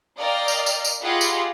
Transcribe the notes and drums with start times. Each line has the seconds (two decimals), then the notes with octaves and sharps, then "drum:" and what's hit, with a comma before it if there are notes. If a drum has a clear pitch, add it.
0.18 A#4 D5 D#5 F5 G5 F6
0.48 drum: tambourine
0.66 drum: tambourine
0.84 drum: tambourine
1.03 F4 G4 G#4 D#5 F#5 B5
1.21 drum: tambourine